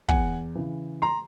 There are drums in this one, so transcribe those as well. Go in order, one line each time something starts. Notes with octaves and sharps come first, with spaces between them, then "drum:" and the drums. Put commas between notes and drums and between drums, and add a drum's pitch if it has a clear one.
E2 F#5 G#5, drum: kick
C#3 E3
A#5 C6